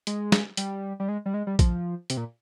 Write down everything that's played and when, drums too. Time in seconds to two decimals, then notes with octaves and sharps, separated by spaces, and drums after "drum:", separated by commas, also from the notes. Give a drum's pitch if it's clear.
0.07 G#3, drum: hi-hat
0.32 drum: snare
0.57 G3, drum: hi-hat
1.00 G3
1.08 G#3
1.26 G3
1.34 G#3
1.47 G3
1.59 F3, drum: kick, hi-hat
2.10 C3, drum: hi-hat
2.17 A#2